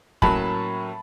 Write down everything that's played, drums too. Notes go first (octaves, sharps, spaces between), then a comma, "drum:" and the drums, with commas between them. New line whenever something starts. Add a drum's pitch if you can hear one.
A2 F#3 A#3 C#4 A5 B5, drum: kick